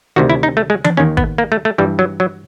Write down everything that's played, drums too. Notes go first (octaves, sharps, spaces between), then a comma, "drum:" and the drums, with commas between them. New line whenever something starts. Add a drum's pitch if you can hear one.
D2 C3 D#3 F#4
E4
D#4
A3
G#3
D4, drum: tom E3
D#2 D#3 C#4
B3, drum: kick G#1
A#3
A3
A3
G2 E3 G3
F#3
F#3